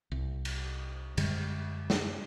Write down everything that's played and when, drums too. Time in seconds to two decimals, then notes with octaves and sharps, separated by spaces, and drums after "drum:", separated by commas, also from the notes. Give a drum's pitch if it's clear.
0.12 C2
0.45 drum: cymbal
1.17 F#2 D3 G3 G#3, drum: cymbal
1.90 drum: snare